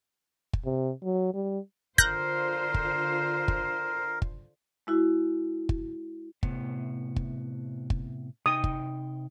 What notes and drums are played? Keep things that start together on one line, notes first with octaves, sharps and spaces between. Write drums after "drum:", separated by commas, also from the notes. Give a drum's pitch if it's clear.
drum: kick
C3
F#3
G3
D3 F4 A#4 C5 F#6 G6 A#6, drum: kick
drum: kick
drum: kick
drum: kick
G#3 E4 F#4
drum: kick
A2 C3 B3, drum: kick
drum: kick
drum: kick
C3 D#4 G5 D#6
drum: kick